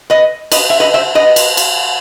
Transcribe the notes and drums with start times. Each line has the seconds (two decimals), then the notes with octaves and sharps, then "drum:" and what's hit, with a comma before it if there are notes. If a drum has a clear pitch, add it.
0.10 B4 D#5
0.52 B4 D#5, drum: cymbal
0.70 E5
0.80 B4 D#5
0.94 C5 E5
1.15 B4 D#5
1.36 drum: cymbal
1.57 drum: cymbal